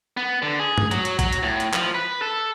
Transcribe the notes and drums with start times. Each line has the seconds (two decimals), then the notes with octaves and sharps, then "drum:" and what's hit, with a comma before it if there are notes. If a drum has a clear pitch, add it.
0.17 B3
0.42 D3
0.59 G#4
0.78 drum: tom G2
0.91 F#3, drum: hi-hat
1.05 drum: hi-hat
1.19 F#3, drum: kick, hi-hat
1.33 drum: hi-hat
1.43 A2
1.60 drum: hi-hat
1.74 F3, drum: clap
1.95 B4
2.22 A4